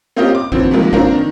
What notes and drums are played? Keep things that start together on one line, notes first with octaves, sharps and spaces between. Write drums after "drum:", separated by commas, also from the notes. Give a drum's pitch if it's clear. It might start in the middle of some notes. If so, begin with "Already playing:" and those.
A#3 C4 C#4 F4 G4 D#5
D6
A#2 D3 E3 C4, drum: kick
C3 D#3 F3 G3 G#3 A#3
A#3 C4 D4 F4 A#4, drum: kick
D#3